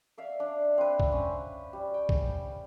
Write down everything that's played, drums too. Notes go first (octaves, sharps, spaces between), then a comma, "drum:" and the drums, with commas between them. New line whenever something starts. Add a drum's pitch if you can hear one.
D5 E5 F5
D4
C4 B4
drum: kick A#1
C#4
G3
G5
drum: kick A#1